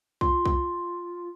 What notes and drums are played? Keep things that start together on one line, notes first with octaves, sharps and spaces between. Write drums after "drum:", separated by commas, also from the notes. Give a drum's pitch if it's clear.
F4 C6, drum: kick B1
drum: kick B1